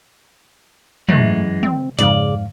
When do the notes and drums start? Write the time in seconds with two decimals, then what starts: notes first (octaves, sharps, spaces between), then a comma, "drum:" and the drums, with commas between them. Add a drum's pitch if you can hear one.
1.09 F#2 E3 G#3 A3, drum: tom
1.63 C4, drum: tom
1.99 F2 G#2 C#3 D5 F5, drum: hi-hat